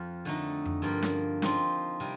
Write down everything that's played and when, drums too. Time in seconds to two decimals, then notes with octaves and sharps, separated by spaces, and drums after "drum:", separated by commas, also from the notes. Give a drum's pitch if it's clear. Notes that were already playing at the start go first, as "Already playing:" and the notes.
Already playing: F2 F3
0.25 D3 A3 D#4
0.66 drum: tom F2
0.82 G2 F3 A#3
1.02 drum: snare C#4
1.42 F3 C4 D#4, drum: snare C#4
2.00 C3 G3